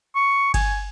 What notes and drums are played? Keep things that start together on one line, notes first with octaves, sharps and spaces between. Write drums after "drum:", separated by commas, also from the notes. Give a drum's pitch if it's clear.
C#6
G#5, drum: kick G1, cymbal